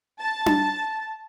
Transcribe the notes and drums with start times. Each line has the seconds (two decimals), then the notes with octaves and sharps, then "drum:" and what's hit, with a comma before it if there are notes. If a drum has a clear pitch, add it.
0.18 A5
0.46 drum: tom D4